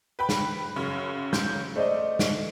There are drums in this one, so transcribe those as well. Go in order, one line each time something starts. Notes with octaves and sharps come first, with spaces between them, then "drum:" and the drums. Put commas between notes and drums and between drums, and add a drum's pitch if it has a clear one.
B4 G5 B5
drum: snare
F#2 C#3
G6, drum: snare
A3 C5 D5 D#5
drum: snare